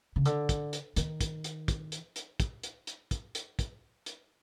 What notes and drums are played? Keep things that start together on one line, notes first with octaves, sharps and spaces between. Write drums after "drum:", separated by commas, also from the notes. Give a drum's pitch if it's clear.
C#3
D3, drum: hi-hat
drum: kick, hi-hat
drum: hi-hat
D#3, drum: hi-hat
drum: kick, hi-hat
drum: hi-hat
drum: kick, hi-hat
drum: hi-hat
drum: hi-hat
drum: kick, hi-hat
drum: hi-hat
drum: hi-hat
drum: kick, hi-hat
drum: hi-hat
drum: kick, hi-hat
drum: hi-hat